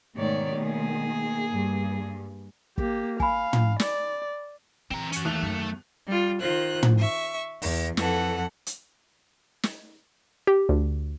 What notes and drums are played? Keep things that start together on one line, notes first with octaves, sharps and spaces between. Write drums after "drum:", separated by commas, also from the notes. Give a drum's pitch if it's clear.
G#2 B2 D#3 A3 C#5 D5
A#3 G#4
G2
A#3 G4, drum: kick
F5 G#5 B5, drum: kick
drum: tom
D5, drum: snare
E3 C4 A#5
C#4 F#4, drum: hi-hat
D#2 A3 F#6 F7
F#2
G3 F4
D#3 F4 C5 F#6
drum: tom
E5 C#6
E2, drum: open hi-hat
F2 E3 A4 F#5, drum: snare
drum: hi-hat
drum: snare
G4
D2